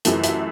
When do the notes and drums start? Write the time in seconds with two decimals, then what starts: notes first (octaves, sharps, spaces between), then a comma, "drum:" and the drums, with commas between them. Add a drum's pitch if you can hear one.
0.05 F#2 E3 A3, drum: hi-hat
0.24 E5, drum: hi-hat